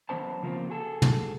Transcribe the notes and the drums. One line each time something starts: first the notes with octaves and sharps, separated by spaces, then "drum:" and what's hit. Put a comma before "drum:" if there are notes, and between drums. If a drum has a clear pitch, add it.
E3 F#3 B3 C#4 C5 A5
C#3 F3 A#3 C4 F4
F#4 G#4 A4
drum: tom